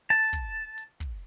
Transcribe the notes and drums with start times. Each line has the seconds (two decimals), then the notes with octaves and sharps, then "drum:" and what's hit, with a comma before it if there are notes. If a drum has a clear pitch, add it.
0.10 A5
0.33 drum: kick, hi-hat
0.78 drum: hi-hat
1.00 drum: kick